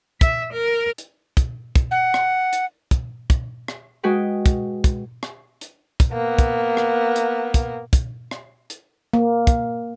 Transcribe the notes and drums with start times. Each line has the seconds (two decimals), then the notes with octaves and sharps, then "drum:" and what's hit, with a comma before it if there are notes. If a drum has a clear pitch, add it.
0.21 E5, drum: kick, hi-hat
0.53 A#4
0.98 drum: hi-hat
1.37 drum: kick, hi-hat
1.75 drum: kick, hi-hat
1.91 F#5
2.14 drum: rim click
2.53 drum: hi-hat
2.91 drum: kick, hi-hat
3.30 drum: kick, hi-hat
3.68 drum: rim click
4.03 G#3 F#4 G#4 B4 G5
4.46 drum: kick, hi-hat
4.84 drum: kick, hi-hat
5.23 drum: rim click
5.61 drum: hi-hat
6.00 drum: kick, hi-hat
6.13 A#3 B3
6.38 drum: kick, hi-hat
6.77 drum: rim click
7.16 drum: hi-hat
7.54 drum: kick, hi-hat
7.93 drum: kick, hi-hat
8.31 drum: rim click
8.70 drum: hi-hat
9.14 A#3
9.47 drum: kick, hi-hat